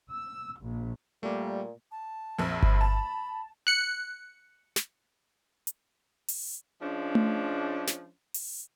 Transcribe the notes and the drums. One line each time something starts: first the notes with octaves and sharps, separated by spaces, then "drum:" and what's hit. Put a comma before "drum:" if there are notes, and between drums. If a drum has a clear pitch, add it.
E6
A#1
A#2 G3 A3 A#3
A5
A#1 F2
B5, drum: kick G1
A5
F#6 C#7
drum: snare
drum: hi-hat
drum: open hi-hat
F3 G#3 C#4 D4
drum: tom A3
drum: snare
drum: open hi-hat